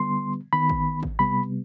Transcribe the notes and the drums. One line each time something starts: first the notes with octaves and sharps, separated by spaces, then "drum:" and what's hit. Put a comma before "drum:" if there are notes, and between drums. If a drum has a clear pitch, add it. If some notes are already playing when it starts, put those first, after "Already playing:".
Already playing: D3 G3 B3 C6
D#3 B3 B5
drum: kick G#1
drum: kick G#1
C3 G3 B3 B5